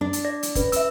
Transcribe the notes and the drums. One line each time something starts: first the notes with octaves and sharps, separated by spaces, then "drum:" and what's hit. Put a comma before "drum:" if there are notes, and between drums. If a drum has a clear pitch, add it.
D4
drum: hi-hat
D5 A#6
drum: hi-hat
C#4 B4, drum: kick, hi-hat
E5 E6, drum: hi-hat